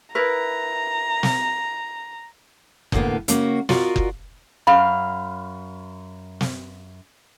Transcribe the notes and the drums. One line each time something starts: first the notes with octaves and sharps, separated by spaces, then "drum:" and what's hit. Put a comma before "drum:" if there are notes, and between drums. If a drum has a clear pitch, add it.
E4 A#4 B4 A#5
drum: snare
E2 A2 D3 A#3 B3, drum: kick F#1
C#3 A#3 F#4, drum: hi-hat
F4 F#4 A#4 D5 D#5, drum: snare
drum: kick F#1
F#2 F5 B5
drum: snare